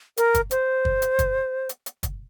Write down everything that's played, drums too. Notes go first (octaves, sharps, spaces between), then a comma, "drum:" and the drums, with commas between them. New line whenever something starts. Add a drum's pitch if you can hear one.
A#4, drum: hi-hat
drum: kick, hi-hat
C5, drum: hi-hat
drum: kick
drum: hi-hat
drum: kick, hi-hat
drum: hi-hat
drum: hi-hat
drum: kick, hi-hat